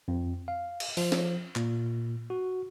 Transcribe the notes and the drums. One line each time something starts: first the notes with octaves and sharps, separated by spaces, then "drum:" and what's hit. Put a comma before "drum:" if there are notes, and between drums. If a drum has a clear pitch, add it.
F2
F5
drum: cymbal
F3, drum: open hi-hat
drum: snare
A#2, drum: clap
F#4